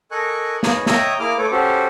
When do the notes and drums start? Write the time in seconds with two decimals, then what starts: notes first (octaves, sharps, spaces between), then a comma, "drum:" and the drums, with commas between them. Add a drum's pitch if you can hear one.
0.11 A4 A#4 D#5 G#5 C#6 F#6
0.63 D#4 G#4 B4 C#5, drum: snare
0.86 C#5 D#5 E5 G5 A#5 D#6, drum: snare
1.20 A#3 E4 G#4 D6 F6
1.38 A3 A4 B4 C#5 D6
1.51 C#4 F#4 G4 A4 C5